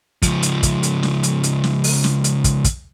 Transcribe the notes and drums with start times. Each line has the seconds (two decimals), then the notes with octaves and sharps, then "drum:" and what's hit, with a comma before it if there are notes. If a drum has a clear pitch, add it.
0.22 C#2 F3, drum: kick, hi-hat
0.43 drum: hi-hat
0.63 drum: kick, hi-hat
0.83 drum: hi-hat
1.03 drum: snare
1.23 drum: hi-hat
1.43 drum: hi-hat
1.64 drum: snare
1.84 drum: open hi-hat
2.04 drum: snare
2.24 drum: hi-hat
2.44 drum: kick, hi-hat
2.64 drum: kick, hi-hat